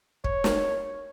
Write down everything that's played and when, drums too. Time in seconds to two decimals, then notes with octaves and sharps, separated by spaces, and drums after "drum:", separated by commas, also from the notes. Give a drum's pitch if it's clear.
0.24 C#5, drum: kick
0.44 drum: snare